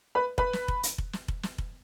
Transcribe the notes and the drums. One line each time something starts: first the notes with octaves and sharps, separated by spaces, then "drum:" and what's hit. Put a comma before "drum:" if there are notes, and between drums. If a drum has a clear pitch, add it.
B4 B5
B4 B5, drum: kick F1
drum: snare
drum: kick F1
drum: hi-hat
drum: kick F1
drum: snare
drum: kick F1
drum: snare
drum: kick F1